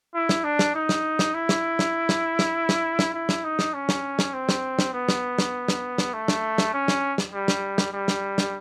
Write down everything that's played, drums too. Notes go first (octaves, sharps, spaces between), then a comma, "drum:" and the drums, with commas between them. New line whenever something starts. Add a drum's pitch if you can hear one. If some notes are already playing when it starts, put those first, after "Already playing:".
E4
drum: snare
D4
drum: snare
D#4
drum: snare
drum: snare
E4
drum: snare
drum: snare
drum: snare
drum: snare
drum: snare
drum: snare
E4
drum: snare
D#4
drum: snare
C#4
drum: snare
drum: snare
C4
drum: snare
drum: snare
B3
drum: snare
drum: snare
drum: snare
drum: snare
A3
drum: snare
drum: snare
C#4
drum: snare
drum: snare
G3
drum: snare
drum: snare
G3
drum: snare
drum: snare